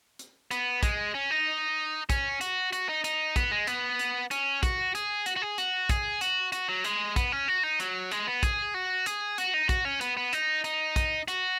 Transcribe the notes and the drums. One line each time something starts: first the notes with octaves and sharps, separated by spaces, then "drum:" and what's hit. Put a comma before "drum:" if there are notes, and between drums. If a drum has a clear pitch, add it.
drum: hi-hat
B3, drum: hi-hat
G#3, drum: kick, hi-hat
C#4
D#4
C#4, drum: kick, hi-hat
F#4, drum: hi-hat
F#4, drum: hi-hat
D#4
D#4, drum: hi-hat
B3, drum: kick, hi-hat
G#3
B3, drum: hi-hat
drum: hi-hat
C#4, drum: hi-hat
F#4, drum: kick, hi-hat
G#4, drum: hi-hat
F#4, drum: hi-hat
F#4
G#4
F#4, drum: hi-hat
G#4, drum: kick, hi-hat
F#4, drum: hi-hat
F#4, drum: hi-hat
F#3
G#3, drum: hi-hat
B3, drum: kick, hi-hat
C#4
F#4
D#4
F#3, drum: hi-hat
G#3, drum: hi-hat
B3
G#4, drum: kick, hi-hat
F#4
G#4, drum: hi-hat
F#4, drum: hi-hat
D#4
F#4, drum: kick, hi-hat
C#4
B3, drum: hi-hat
B3
D#4, drum: hi-hat
D#4, drum: hi-hat
drum: kick, hi-hat
F#4, drum: hi-hat